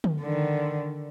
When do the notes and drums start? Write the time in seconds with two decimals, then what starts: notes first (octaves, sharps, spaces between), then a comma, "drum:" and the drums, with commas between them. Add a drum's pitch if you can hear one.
0.04 drum: tom D3
0.21 D3 D#3